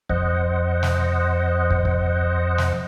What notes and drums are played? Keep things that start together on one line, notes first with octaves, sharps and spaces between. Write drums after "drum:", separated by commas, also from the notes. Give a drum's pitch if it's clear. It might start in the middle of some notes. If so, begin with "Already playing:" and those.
F2 C5 D#5 F#5, drum: kick
drum: snare
drum: kick
drum: kick
drum: snare